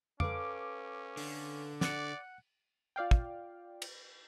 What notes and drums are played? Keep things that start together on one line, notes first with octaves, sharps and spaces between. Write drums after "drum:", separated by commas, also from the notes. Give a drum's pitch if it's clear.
C#4 A4 B4 F5 D6, drum: tom F2
D3, drum: open hi-hat
D5 F#5 F#6 C#7, drum: snare
F4 D5 F5 G5
drum: kick
drum: cymbal